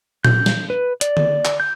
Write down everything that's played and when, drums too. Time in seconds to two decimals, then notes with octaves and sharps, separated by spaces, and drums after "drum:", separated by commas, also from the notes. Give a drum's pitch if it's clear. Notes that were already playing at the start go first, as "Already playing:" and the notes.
0.25 G6, drum: tom A#2
0.46 drum: snare
0.70 B4
1.01 D5, drum: hi-hat
1.17 drum: tom D3
1.45 drum: clap
1.60 G6